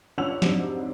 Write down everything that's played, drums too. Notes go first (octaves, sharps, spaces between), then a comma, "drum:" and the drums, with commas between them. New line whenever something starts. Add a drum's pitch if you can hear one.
G1 C#4 F4 F#5 E6 F7
F2 G#2 C3 F#3 D4, drum: snare